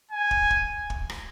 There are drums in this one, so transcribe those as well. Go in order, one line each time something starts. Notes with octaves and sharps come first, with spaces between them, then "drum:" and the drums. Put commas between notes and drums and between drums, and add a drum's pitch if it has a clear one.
G#5
drum: kick
drum: kick
drum: kick
drum: rim click